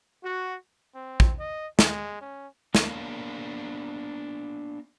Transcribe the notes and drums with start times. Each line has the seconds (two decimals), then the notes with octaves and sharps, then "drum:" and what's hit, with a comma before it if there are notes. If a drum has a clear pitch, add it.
0.23 F#4
0.95 C4
1.20 drum: kick
1.39 D#5
1.79 G#3, drum: snare
2.22 C#4
2.75 A#3 B3 D4 A#4 C#5 F5, drum: snare